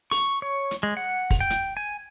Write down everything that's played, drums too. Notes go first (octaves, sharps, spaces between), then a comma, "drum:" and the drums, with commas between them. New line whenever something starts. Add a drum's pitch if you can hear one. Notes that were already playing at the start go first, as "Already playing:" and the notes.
C#6, drum: open hi-hat
C#5
drum: hi-hat
G#3
F#5
drum: kick, open hi-hat
G5
drum: hi-hat
G#5